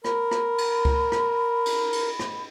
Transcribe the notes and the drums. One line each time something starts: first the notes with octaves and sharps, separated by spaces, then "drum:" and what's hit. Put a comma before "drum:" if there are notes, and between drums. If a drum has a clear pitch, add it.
A#4 B5, drum: rim click
drum: rim click
drum: cymbal
drum: kick C#2
drum: rim click
drum: cymbal
drum: cymbal
drum: rim click